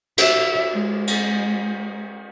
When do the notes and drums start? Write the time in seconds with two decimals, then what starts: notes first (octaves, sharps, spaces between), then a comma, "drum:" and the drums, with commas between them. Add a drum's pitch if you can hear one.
0.18 E5, drum: cymbal
0.72 G#3
1.07 drum: cymbal